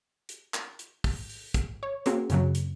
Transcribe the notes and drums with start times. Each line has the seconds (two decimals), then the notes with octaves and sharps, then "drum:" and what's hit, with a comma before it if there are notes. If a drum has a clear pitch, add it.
0.29 drum: hi-hat
0.54 drum: clap
0.79 drum: hi-hat
1.04 drum: kick, open hi-hat
1.29 drum: open hi-hat
1.54 drum: kick, hi-hat
1.83 C#5
2.06 A#3 C4 C#4 F#4 G#4, drum: hi-hat
2.30 F#2 C#3 F#3, drum: hi-hat
2.55 drum: hi-hat